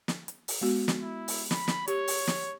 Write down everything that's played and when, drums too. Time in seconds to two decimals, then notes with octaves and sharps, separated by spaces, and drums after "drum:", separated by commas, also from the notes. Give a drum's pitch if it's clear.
0.08 drum: snare
0.28 drum: hi-hat
0.48 drum: open hi-hat
0.61 G#3 B3 F#4
0.88 drum: snare
1.00 E4
1.28 drum: open hi-hat
1.51 B5, drum: snare
1.68 drum: snare
1.88 G4 C#5, drum: hi-hat
2.08 drum: open hi-hat
2.27 drum: snare